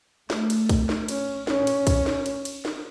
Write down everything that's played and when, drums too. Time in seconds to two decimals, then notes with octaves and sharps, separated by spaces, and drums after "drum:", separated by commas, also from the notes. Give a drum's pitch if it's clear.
0.30 A3, drum: snare
0.50 drum: cymbal
0.69 drum: kick, cymbal
0.89 drum: snare
1.08 C#4, drum: cymbal
1.47 C#4, drum: snare
1.67 drum: cymbal
1.87 drum: kick, cymbal
2.06 drum: snare
2.26 drum: cymbal
2.45 drum: cymbal
2.65 drum: snare